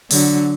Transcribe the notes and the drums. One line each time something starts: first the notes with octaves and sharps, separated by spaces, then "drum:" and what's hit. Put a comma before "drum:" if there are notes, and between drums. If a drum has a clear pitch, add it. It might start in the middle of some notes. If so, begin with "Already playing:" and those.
D3 F#3, drum: open hi-hat